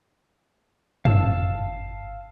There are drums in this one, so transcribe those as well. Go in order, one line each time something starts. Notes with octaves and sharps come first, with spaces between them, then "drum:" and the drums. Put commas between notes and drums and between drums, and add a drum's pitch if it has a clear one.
G1 F5 A5 E6, drum: tom